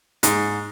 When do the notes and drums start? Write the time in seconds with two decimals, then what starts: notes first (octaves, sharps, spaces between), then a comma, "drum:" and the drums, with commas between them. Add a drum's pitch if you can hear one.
0.23 G#2, drum: hi-hat